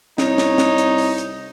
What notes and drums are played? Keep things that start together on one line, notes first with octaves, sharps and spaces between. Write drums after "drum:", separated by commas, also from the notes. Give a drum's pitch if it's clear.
C2 D#4 C#5, drum: snare
drum: snare
drum: snare
drum: hi-hat
drum: open hi-hat
drum: hi-hat